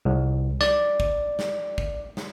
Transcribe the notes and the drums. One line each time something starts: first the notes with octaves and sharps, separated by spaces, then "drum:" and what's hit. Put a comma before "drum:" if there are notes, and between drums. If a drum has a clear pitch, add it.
C2
D5, drum: snare
drum: kick
drum: snare
drum: kick
drum: snare